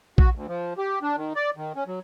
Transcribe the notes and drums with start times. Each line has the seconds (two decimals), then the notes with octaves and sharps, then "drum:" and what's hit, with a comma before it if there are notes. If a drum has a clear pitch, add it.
0.18 F#4, drum: kick A#1
0.35 D2
0.48 F3
0.78 G4
1.02 D4
1.17 D#3
1.36 D5
1.57 D#3
1.76 C#4
1.87 F#3